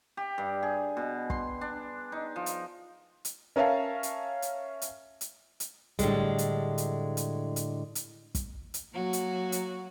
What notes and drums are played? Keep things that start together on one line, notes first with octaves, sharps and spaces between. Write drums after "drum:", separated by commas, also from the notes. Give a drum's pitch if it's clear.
G4
G2
G#4
B2
C6, drum: kick
D4
D#4
F3
drum: hi-hat
drum: hi-hat
C#4 A#4 C#5 E5 F5 A5
drum: hi-hat
drum: hi-hat
drum: hi-hat
drum: hi-hat
drum: hi-hat
A2 D3 G3 G#3, drum: kick, hi-hat
drum: hi-hat
drum: hi-hat
drum: hi-hat
drum: hi-hat
drum: hi-hat
drum: kick, hi-hat
drum: hi-hat
F#3 A#3 F#4
drum: hi-hat
drum: hi-hat